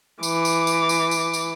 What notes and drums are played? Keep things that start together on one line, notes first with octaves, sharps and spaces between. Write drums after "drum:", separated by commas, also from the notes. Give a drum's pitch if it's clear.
E3 D6, drum: tambourine
drum: tambourine
drum: tambourine
drum: tambourine
drum: tambourine
drum: tambourine